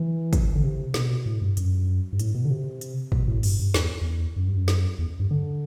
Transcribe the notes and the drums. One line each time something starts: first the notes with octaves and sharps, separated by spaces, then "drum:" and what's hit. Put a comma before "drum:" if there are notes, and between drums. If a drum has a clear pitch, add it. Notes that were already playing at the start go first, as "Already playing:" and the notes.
Already playing: E3
drum: kick, hi-hat
D3
C3
B2, drum: snare
A2
G2
F#2, drum: hi-hat
G2
A2, drum: hi-hat
B2
D3
C3
drum: hi-hat
B2, drum: kick
A2
G2, drum: open hi-hat
G2
E2, drum: snare
E2
F#2
G2
F#2
drum: snare
E2
G2
D3